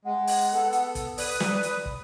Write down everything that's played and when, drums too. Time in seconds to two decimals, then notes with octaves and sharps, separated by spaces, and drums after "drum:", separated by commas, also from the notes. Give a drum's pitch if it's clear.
0.05 G#3 F#5
0.27 drum: open hi-hat
0.53 B3 A4
0.73 drum: hi-hat
0.95 drum: kick, hi-hat
1.18 B4 D5 D#6, drum: open hi-hat
1.40 drum: snare
1.63 drum: hi-hat
1.85 drum: kick